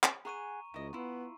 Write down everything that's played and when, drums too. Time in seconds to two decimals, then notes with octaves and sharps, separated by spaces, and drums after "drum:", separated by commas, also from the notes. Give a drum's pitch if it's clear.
0.03 drum: clap
0.25 G#4 F#5 G#5 A#5 C#6 D#7
0.74 C#2 E4 D#5
0.93 B3 E4 F4